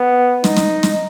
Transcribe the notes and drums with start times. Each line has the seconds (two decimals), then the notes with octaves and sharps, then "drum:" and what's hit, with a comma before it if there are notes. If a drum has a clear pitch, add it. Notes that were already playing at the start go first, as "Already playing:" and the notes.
Already playing: B3
0.44 D#4, drum: snare
0.57 drum: snare
0.83 drum: snare